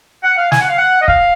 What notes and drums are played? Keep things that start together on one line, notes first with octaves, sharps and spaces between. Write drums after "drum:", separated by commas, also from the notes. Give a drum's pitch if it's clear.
F#5
F5
G#5, drum: snare
F#5
F5
F#5
D#5
F5, drum: kick